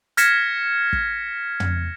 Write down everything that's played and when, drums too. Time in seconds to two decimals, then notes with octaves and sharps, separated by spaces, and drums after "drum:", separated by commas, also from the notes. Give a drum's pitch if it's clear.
0.17 F6 G#6 A#6 B6 C#7 E7, drum: hi-hat
0.93 drum: kick
1.60 drum: tom